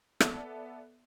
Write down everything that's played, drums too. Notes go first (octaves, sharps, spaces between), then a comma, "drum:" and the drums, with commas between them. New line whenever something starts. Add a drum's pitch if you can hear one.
B3 A4 D5 E5, drum: rim click